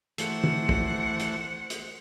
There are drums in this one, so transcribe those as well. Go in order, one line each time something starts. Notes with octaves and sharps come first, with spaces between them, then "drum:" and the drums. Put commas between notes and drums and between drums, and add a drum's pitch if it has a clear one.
E3 A3 C5 F#5, drum: hi-hat
drum: tom
drum: kick
drum: hi-hat
drum: hi-hat